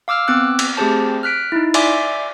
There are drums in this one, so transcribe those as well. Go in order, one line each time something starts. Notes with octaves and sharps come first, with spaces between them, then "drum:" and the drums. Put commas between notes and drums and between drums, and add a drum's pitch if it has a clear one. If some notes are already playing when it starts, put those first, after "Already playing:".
F5 D6 E6 F6
B3 C4 D6 E6 F#6
drum: cymbal
A3 C4 G4 G#4 C5 A5
F6 F#6 B6 D7
D#4 E4
D5 E5 G#5 C6 D6, drum: cymbal